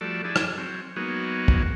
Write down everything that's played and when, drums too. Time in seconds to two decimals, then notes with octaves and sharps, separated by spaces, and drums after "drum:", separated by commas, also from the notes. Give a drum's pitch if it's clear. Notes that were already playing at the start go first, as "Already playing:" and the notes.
0.01 F3 G3 A3 F#4 A4 D5
0.24 D4 E4 G#4 A4
0.36 drum: rim click
0.58 F#3 C4
0.96 F#3 G#3 A#3 B3 D#4 F#4
1.48 drum: kick